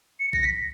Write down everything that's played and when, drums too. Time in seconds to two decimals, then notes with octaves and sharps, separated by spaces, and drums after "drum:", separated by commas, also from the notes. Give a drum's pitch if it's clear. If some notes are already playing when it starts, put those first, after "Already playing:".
0.20 C#7
0.33 A#6, drum: kick A#1
0.43 B6